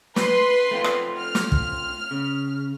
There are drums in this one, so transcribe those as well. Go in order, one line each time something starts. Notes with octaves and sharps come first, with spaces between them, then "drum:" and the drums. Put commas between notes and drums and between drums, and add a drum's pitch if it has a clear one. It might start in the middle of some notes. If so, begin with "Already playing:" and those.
B4 C6, drum: snare
A3 C4 F4
drum: rim click
F6
drum: snare
drum: kick
C#3